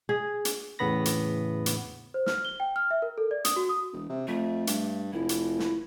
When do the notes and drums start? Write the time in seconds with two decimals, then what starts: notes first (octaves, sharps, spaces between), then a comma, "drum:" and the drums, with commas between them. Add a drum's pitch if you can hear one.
0.09 G#4
0.45 drum: hi-hat
0.79 E2 A2 C#3 B3 B5 A#6
1.05 drum: hi-hat
1.66 drum: hi-hat
2.14 C5
2.26 F6, drum: snare
2.45 G7
2.60 G5
2.76 F6
2.91 E5
3.02 A#4
3.18 A4
3.31 D5
3.45 D#6, drum: hi-hat
3.56 F#4
3.69 D#6
3.93 E1
4.09 C3
4.27 F2 A3
4.67 G2, drum: hi-hat
5.13 F1 E4
5.29 drum: hi-hat
5.59 drum: snare